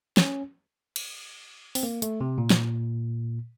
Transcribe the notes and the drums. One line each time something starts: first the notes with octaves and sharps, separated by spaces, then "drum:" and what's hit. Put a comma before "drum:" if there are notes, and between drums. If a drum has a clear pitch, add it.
C#4, drum: snare
drum: cymbal
C4, drum: open hi-hat
A#3
A3, drum: hi-hat
C3
A#2
drum: snare